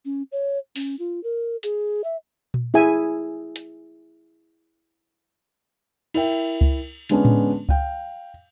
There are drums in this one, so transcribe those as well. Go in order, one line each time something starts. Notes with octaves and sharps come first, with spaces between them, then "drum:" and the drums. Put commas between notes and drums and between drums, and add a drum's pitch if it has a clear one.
C#4
C#5
C#4, drum: open hi-hat
F4
A#4
G#4, drum: hi-hat
E5
drum: tom A#2
E4 G#4 E5 G#5
drum: hi-hat
E4 A#4 E5 G5, drum: cymbal
drum: kick C#2
D3 G#3 B3 C#4 D4, drum: hi-hat
drum: tom A2
F5 G5, drum: kick C#2